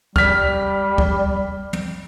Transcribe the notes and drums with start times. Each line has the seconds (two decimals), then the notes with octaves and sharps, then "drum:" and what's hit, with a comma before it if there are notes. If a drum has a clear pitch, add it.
0.16 G3 F6 B6, drum: kick
0.98 drum: kick
1.73 drum: tom